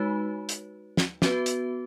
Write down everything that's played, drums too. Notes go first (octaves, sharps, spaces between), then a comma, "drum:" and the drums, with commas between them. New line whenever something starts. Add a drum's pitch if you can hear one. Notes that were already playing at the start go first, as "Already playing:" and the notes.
Already playing: G#3 D#4 F#4 B4
drum: hi-hat
drum: snare
B3 F#4 B4, drum: snare
drum: hi-hat